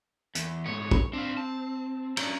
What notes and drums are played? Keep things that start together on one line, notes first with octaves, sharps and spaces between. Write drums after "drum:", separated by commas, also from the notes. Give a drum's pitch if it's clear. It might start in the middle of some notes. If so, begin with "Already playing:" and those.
E2, drum: hi-hat
G#2 A3 B3 C#5
drum: kick
C4 D4 F5
A5
F#3 C#4 D4 A#5, drum: cymbal